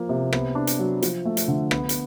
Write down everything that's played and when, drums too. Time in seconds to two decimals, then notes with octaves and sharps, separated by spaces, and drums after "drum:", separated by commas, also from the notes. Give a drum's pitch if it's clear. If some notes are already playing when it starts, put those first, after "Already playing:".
Already playing: F3 A#3
0.09 C3
0.33 B3, drum: rim click
0.55 D4
0.67 drum: hi-hat
0.79 F#3
1.02 F3, drum: hi-hat
1.25 A3
1.37 drum: hi-hat
1.48 D3
1.71 B3, drum: rim click
1.89 drum: hi-hat